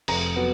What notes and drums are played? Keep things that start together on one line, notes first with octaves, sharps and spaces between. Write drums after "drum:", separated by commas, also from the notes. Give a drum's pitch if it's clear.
F1 A#5, drum: cymbal
F#3 B3